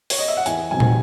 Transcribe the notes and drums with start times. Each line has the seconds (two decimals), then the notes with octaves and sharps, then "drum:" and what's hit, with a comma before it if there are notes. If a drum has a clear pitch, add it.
0.10 C#5, drum: open hi-hat
0.18 D#5
0.28 E5
0.37 F#5
0.46 E2 G#5, drum: hi-hat
0.71 C3 D#3 F#3 G#5
0.80 drum: tom